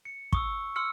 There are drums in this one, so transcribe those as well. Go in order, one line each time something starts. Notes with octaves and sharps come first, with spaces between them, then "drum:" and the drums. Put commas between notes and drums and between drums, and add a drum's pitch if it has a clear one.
C#7
C#6 D#6 E6, drum: kick
C6 E6 F6 C#7